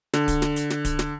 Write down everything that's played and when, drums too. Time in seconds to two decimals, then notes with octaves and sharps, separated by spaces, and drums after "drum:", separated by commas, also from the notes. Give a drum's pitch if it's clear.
0.14 D3, drum: snare
0.28 drum: kick D1, hi-hat
0.42 drum: snare
0.56 drum: hi-hat
0.70 drum: snare
0.85 drum: kick D1, hi-hat
0.99 drum: snare